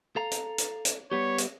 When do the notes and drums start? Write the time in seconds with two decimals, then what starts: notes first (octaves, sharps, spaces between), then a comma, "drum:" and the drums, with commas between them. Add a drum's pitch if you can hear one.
0.16 A4 F5 A#5
0.31 drum: hi-hat
0.58 drum: hi-hat
0.85 drum: hi-hat
1.12 G3 B3 G4 C#5
1.38 drum: hi-hat